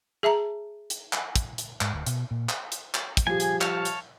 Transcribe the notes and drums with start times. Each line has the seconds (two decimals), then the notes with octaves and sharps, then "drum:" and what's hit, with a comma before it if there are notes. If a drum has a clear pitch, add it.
0.23 G#4 E5 A5 A#5
0.90 drum: hi-hat
1.13 drum: clap
1.36 drum: kick, hi-hat
1.58 drum: hi-hat
1.81 G#2, drum: clap
1.93 D1
2.07 B2, drum: hi-hat
2.31 A#2
2.49 drum: clap
2.72 drum: hi-hat
2.94 drum: clap
3.17 drum: kick, hi-hat
3.27 F3 G3 G4 G#4 G#5
3.40 drum: hi-hat
3.61 C#5 F5 A5, drum: clap
3.85 drum: hi-hat